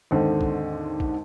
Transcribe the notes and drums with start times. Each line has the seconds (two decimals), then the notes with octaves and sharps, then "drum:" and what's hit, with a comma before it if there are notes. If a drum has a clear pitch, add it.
0.11 D#2 G#2 D3 C4
0.41 drum: kick
1.00 drum: kick